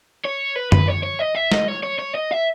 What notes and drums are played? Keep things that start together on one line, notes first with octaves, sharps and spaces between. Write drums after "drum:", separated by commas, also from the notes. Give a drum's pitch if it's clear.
C#5
B4
B4, drum: tom F#2
C#5
C#5
D#5
E5
D#5, drum: snare
C#5
C#5
C#5
D#5
E5